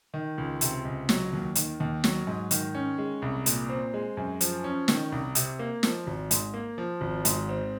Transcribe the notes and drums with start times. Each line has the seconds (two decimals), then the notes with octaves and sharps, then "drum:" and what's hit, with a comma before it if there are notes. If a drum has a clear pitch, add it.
0.14 D#3
0.38 C#2
0.61 C3, drum: hi-hat
0.85 C#2
1.09 F#3, drum: snare
1.33 D#2
1.55 D#3, drum: hi-hat
1.80 D#2
2.04 F#3, drum: snare
2.27 G#2
2.51 D#3, drum: hi-hat
2.75 C#4
2.98 G#3
3.22 C2
3.46 A#2, drum: hi-hat
3.69 C4
3.94 G#3
4.17 F#2
4.41 F3, drum: hi-hat
4.64 C#4
4.88 D#3, drum: snare
5.12 C2
5.35 C3, drum: hi-hat
5.59 A#3
5.83 F3, drum: snare
6.07 G#1
6.31 G#2, drum: hi-hat
6.54 A#3
6.78 F3
7.01 G#1
7.25 G#2, drum: hi-hat
7.49 C4